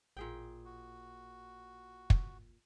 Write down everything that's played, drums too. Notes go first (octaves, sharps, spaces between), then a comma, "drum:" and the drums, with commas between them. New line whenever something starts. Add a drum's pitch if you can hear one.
A1 A#2 G#4 G5
F#4
drum: kick